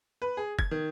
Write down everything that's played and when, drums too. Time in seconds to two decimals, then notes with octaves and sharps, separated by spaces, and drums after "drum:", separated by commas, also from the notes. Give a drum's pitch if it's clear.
0.22 B4
0.37 G#4
0.59 G#6, drum: kick
0.71 D#3